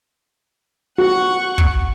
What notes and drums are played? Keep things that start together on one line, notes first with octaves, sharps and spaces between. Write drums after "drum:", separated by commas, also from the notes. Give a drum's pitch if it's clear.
F#4 F#5 C#6
drum: kick